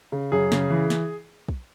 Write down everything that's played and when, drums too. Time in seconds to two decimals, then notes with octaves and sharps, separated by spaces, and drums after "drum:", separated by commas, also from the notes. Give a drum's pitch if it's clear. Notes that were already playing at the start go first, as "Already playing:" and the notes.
0.12 C#3
0.32 F#2 G#4
0.52 C#3, drum: snare
0.71 E3
0.90 drum: snare
1.48 drum: kick